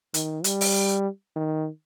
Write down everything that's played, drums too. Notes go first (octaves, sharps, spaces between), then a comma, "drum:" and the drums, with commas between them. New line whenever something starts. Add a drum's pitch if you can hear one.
D#3, drum: hi-hat
G3, drum: hi-hat
drum: open hi-hat
D#3